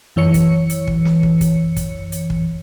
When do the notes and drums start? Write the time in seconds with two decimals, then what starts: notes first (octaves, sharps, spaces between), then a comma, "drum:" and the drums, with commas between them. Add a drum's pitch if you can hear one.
0.16 F#2 E3 C#5 C#7
0.34 drum: kick, hi-hat
0.70 drum: hi-hat
0.87 drum: kick
1.05 drum: snare
1.23 drum: kick
1.41 drum: kick, hi-hat
1.76 drum: kick, hi-hat
2.12 drum: hi-hat
2.30 drum: kick